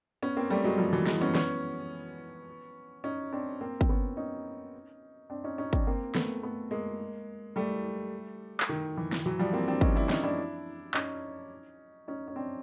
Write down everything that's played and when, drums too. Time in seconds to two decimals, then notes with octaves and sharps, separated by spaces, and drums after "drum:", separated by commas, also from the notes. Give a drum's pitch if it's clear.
0.23 B3 C#4
0.37 A#3 C4
0.50 G3 A3
0.64 F#3 G#3
0.78 F3 G3
0.93 E3 F#3
1.07 F#3 G#3, drum: snare
1.20 B3 C#4
1.35 B3 C#4, drum: snare
3.04 C#4 D#4
3.33 C4 D4
3.61 A#3 C4
3.81 C4, drum: kick
3.89 B3 C#4
4.17 C#4 D#4
5.30 C4 D4
5.44 C#4 D#4
5.58 C#4 D#4
5.73 C4 D4, drum: kick
5.87 A#3 C4
6.15 A3 B3, drum: snare
6.43 A3 B3
6.71 G#3 A#3
7.56 G3 A3
8.60 drum: clap
8.69 D#3
8.97 E3
9.12 drum: snare
9.26 E3 F#3
9.39 F3 G3
9.53 A#3 C4
9.68 C4 D4
9.81 C#4 D#4, drum: kick
9.96 D4 E4
10.09 C#4 D#4, drum: snare
10.24 D4 E4
10.94 C#4 D#4, drum: clap
12.08 C#4 D#4
12.28 C#4
12.36 C4 D4